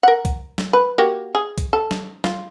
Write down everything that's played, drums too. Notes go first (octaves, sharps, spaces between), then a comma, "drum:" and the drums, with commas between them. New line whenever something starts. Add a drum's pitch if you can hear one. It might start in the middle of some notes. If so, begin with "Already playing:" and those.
A#4 F#5
drum: kick C2, hi-hat
drum: snare
B4
A#3 F#4 G4
G#4
drum: kick C2, hi-hat
A4
drum: snare
F4, drum: snare